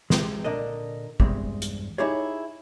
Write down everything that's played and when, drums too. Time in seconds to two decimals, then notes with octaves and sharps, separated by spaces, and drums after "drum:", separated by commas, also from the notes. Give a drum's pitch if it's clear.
0.10 C3 G#3, drum: snare
0.44 A#2 D3 D4 A#4 D#5
1.20 E2 G2 G#3 C4, drum: kick
1.62 drum: hi-hat
1.98 D#4 E4 G4 G#4 C#5